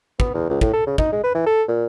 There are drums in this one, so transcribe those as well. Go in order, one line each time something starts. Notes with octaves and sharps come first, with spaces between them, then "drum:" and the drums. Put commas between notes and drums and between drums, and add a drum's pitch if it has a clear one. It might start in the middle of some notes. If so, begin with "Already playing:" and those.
B3, drum: kick
E2
C#2
A2, drum: kick
A4
C#3
D#4, drum: kick
G#3
B4
E3
A4
A#2